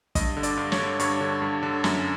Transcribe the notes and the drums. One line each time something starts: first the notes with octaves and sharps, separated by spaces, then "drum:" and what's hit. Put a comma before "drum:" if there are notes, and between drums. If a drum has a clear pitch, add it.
G2 D#5, drum: kick, hi-hat
D3
D5, drum: hi-hat
G2
C#5, drum: snare
D3
G2 C#5, drum: hi-hat
D3
G2
D3
F#2, drum: snare